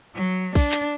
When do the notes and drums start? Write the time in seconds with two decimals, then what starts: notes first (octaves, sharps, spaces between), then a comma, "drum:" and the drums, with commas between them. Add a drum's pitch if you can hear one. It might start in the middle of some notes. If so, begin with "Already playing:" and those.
0.15 F#3
0.55 D4, drum: kick, cymbal
0.71 drum: clap